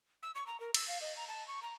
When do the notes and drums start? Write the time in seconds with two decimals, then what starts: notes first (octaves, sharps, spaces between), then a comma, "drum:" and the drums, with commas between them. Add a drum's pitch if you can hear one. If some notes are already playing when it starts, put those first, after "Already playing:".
0.23 E6
0.35 C#6
0.47 A#5
0.60 A#4
0.74 E6, drum: cymbal
0.88 F5
1.01 D#5
1.17 A#5
1.28 A5
1.48 C#6
1.62 A#5